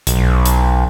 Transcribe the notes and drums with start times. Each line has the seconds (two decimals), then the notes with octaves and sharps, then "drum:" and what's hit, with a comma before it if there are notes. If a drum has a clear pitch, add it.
0.07 B1, drum: hi-hat
0.46 drum: hi-hat